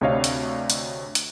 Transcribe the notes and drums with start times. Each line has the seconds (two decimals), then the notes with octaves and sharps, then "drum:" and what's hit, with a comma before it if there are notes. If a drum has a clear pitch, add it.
0.01 D2 C3 D4 C#5 D#5 F5
0.24 drum: hi-hat
0.70 drum: hi-hat
1.15 drum: hi-hat